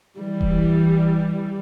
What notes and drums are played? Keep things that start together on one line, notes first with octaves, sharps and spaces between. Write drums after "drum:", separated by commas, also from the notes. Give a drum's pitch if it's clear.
E3 G3
drum: kick D#1